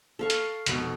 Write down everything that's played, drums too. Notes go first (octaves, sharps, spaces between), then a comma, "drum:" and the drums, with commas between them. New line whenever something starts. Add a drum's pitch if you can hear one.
A4 F5 C#6
drum: hi-hat
F1 B2, drum: hi-hat